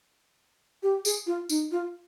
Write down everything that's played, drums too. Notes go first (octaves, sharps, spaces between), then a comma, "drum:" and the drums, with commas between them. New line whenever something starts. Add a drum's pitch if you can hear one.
G4
G#4, drum: tambourine
F4
D#4, drum: tambourine
F4